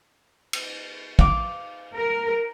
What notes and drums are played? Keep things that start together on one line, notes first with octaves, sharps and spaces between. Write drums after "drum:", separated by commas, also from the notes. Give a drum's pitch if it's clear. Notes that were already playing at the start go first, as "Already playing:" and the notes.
drum: cymbal
F5 D6, drum: kick
A#4